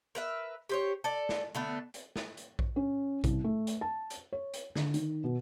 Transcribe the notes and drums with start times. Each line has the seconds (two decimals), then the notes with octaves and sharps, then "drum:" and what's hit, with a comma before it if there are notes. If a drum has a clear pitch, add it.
0.15 A#4 B4 E5
0.69 G4 C5 C#5
1.04 A4 D5
1.29 drum: snare
1.55 D3 A3 B3
1.94 drum: hi-hat
2.16 drum: snare
2.37 drum: hi-hat
2.59 drum: kick A#1
2.76 C#4
3.24 C2, drum: kick A#1, hi-hat
3.44 A3
3.67 drum: hi-hat
3.81 A5
4.10 drum: hi-hat
4.33 C#5
4.54 drum: hi-hat
4.75 D3, drum: snare
4.94 D#3, drum: hi-hat
5.24 B2